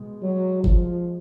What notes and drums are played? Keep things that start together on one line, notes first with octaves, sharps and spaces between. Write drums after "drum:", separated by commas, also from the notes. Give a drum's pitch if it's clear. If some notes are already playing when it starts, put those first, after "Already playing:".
Already playing: B2 G#3
F#3
F3, drum: kick G1